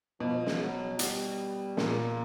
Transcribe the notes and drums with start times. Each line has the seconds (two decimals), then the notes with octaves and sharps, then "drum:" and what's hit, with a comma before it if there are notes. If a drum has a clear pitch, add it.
0.20 B2 F3
0.46 drum: snare
0.60 F#3
0.99 G3, drum: hi-hat
1.77 A#2 A#3, drum: snare